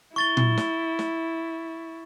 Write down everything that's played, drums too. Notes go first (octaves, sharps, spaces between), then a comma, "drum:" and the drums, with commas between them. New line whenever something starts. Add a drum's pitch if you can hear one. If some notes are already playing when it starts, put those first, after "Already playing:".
E4 C#6 A6 G7
drum: tom A#2
drum: snare
drum: snare